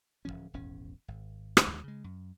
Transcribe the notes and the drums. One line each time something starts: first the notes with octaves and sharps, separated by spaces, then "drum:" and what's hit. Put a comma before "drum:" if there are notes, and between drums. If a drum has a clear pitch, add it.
D1 E2 F3 C#4
D#1 G#1 E2 C#4
G#1
drum: rim click
D#2 G#3
C#3 G#3
F#2